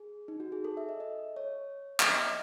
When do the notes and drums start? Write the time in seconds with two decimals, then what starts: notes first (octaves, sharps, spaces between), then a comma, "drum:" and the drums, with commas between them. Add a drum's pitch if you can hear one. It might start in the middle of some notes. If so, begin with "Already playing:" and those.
Already playing: G#4
0.28 D#4
0.40 F#4
0.52 G#4
0.64 A4
0.77 E5
0.89 D#5
1.00 D#5
1.36 C#5
2.00 D#5, drum: clap
2.10 E5
2.28 D#5